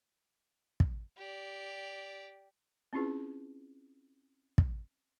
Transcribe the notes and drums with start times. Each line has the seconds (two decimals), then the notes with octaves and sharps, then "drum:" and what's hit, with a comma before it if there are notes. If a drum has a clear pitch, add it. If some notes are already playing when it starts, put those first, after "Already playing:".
0.80 drum: kick
1.17 G4 D5
2.93 C4 C#4 E4 F4 G#4 B4
4.58 drum: kick